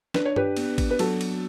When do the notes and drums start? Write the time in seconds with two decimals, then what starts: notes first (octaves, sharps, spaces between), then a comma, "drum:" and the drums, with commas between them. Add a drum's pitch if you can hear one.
0.14 D4 B4, drum: snare
0.25 C#5
0.36 G4 B4, drum: tom G2
0.57 B3, drum: cymbal
0.78 drum: kick, cymbal
0.90 B4
0.99 F#3 F#4 A4, drum: cymbal
1.21 drum: cymbal